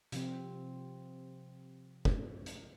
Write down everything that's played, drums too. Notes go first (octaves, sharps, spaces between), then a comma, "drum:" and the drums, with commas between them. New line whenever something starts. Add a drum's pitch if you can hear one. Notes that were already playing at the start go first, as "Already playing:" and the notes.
C3 F3 C4, drum: hi-hat
drum: kick
drum: hi-hat